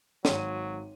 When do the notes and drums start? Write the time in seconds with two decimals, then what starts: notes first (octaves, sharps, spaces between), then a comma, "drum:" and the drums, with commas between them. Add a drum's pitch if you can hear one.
0.25 G#1 F#3 C#5 G5 C6 D#7, drum: snare